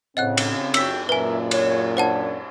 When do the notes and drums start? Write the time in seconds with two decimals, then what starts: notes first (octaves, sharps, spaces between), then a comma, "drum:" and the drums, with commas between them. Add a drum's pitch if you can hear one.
0.17 A2 C#3 C4 D#5 F#5 F#6
0.37 drum: cymbal
0.74 F#2 F#4 G5 E6 B6, drum: cymbal
1.09 F#2 A#2 A#4 B4 E5 G#5
1.51 C#5, drum: cymbal
1.97 D4 C5 C#5 F#5 A5